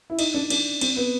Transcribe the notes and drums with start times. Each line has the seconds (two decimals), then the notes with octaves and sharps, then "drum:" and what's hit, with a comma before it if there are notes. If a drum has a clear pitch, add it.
0.10 E4
0.19 D#4, drum: cymbal
0.34 D4
0.50 D4, drum: cymbal
0.81 C4, drum: cymbal
0.97 B3